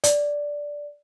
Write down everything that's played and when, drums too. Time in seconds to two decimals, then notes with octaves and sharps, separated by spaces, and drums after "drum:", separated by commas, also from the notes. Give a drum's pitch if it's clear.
0.04 D5, drum: hi-hat